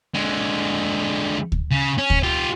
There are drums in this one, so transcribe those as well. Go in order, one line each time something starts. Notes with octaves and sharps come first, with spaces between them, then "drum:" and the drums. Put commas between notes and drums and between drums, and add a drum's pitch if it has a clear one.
D3 G#3
drum: kick D2
C#3
C#4
drum: kick D2
F4 G4